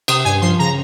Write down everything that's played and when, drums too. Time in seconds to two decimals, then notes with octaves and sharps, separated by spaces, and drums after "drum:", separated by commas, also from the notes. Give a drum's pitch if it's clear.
0.08 C3 D#6, drum: cymbal
0.25 G2 G#5
0.41 F3 C6
0.59 C#3 A#5